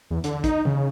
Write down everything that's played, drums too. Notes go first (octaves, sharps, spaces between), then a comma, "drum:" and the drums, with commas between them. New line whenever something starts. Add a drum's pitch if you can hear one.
E2
D3, drum: hi-hat
D#4, drum: kick, hi-hat
C#3, drum: tom